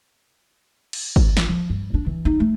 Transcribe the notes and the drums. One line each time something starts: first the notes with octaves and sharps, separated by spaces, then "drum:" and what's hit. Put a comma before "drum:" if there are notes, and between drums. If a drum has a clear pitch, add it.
drum: cymbal
drum: kick
F4, drum: snare
F3
G2
D4
E3
D#4
A3